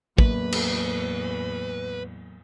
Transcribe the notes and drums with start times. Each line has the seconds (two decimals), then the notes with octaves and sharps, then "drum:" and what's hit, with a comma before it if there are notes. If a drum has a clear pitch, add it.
0.18 E2 A2 F#3 A#3 B4, drum: kick
0.52 drum: cymbal